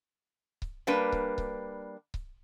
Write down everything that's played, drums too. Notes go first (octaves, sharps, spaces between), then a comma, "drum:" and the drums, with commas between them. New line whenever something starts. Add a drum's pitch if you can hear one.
drum: kick C#1
G3 A#3 D4 B4
drum: kick C#1
drum: kick C#1
drum: kick C#1